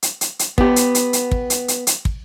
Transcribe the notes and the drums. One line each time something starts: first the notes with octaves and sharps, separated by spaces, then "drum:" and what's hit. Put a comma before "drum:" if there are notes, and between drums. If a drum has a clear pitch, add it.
drum: hi-hat
drum: hi-hat
drum: hi-hat
B3 G4, drum: kick
drum: hi-hat
drum: hi-hat
drum: hi-hat
drum: kick
drum: hi-hat
drum: hi-hat
drum: hi-hat
drum: kick